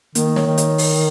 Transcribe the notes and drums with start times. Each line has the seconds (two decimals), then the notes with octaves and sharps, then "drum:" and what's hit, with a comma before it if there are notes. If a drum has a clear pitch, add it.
0.15 D#3 A#3, drum: hi-hat
0.36 C#5, drum: snare
0.47 D#3
0.58 C#5, drum: hi-hat
0.78 A#4, drum: open hi-hat